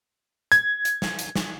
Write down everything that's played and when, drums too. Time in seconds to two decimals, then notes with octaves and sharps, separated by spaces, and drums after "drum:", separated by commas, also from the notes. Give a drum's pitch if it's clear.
0.52 G#6, drum: hi-hat
0.85 drum: hi-hat
1.02 drum: snare
1.19 drum: hi-hat
1.36 drum: snare